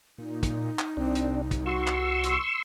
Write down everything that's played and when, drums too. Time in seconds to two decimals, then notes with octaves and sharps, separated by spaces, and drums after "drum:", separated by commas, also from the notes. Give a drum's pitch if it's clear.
0.18 A#2 D#4
0.43 drum: kick, hi-hat
0.79 drum: clap
0.97 C2 C4 D4
1.15 drum: hi-hat
1.51 drum: kick, hi-hat
1.66 F#4 C6 C#6 E6
1.87 drum: clap
2.23 drum: hi-hat